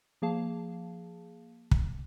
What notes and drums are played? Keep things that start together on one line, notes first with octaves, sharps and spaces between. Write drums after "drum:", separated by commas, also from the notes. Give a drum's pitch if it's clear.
F3 A#3 G#4 F5 A5
drum: kick